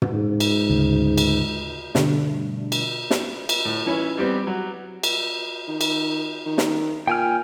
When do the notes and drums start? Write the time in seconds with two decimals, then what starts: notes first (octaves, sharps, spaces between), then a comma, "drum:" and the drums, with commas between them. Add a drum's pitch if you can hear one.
0.02 drum: tom
0.13 G#2
0.40 drum: cymbal
0.70 D2 C#3
1.18 drum: cymbal
1.95 G2 B2 D3 G3 A3 D4, drum: snare
2.72 drum: cymbal
3.11 drum: snare
3.49 drum: cymbal
3.65 A2
3.86 E3 C#4 E4
4.18 G3 B3 C4 G4
4.47 F#3
5.03 drum: cymbal
5.68 D#3
5.81 drum: cymbal
6.46 D#3
6.58 drum: snare
7.07 A#2 G5 G#5 F6